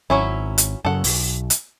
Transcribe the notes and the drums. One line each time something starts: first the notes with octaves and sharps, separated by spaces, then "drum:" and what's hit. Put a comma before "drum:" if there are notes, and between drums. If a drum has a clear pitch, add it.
G#1 F#3 C#4 E4
drum: hi-hat
F#2 C#3 A4 F#5
B1, drum: open hi-hat
drum: hi-hat